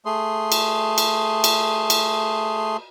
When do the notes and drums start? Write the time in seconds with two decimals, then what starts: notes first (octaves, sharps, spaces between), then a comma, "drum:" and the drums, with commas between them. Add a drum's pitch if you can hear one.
0.06 A3 G#4 C6
0.52 drum: cymbal
0.98 drum: cymbal
1.44 drum: cymbal
1.90 drum: cymbal